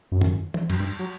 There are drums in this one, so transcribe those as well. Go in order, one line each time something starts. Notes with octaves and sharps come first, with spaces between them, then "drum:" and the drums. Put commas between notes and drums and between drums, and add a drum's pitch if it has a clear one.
F#2
drum: tom G2
drum: tom E3
F#2, drum: cymbal
G2
F#3